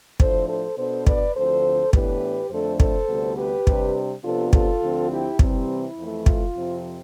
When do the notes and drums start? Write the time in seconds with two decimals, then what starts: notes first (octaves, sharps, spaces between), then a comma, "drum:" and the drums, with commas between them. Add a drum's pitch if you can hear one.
0.20 A2 F3 A3 D4 A4 C5, drum: kick
0.49 A4 C5
0.78 B2 B3 D4 A4 C5
1.07 B4 D5, drum: kick
1.36 D2 D3 F3 C4 A4 C5
1.93 A2 E3 B3 D4 G4 B4, drum: kick
2.51 F2 D3 A3 D4 A4 C5
2.80 A4 C5, drum: kick
3.09 D2 C3 G3 B3
3.38 G4 B4
3.67 C3 G3 D4, drum: kick
4.24 C3 F3 B3 D4 F4 A4
4.53 F4 A4, drum: kick
4.82 D2 D3 F3 C4
5.11 E4 G4
5.39 C3 E3 G3 C4, drum: kick
5.69 E4
5.98 F2 E3 A3
6.26 F4, drum: kick
6.55 F2 C3 F3 C4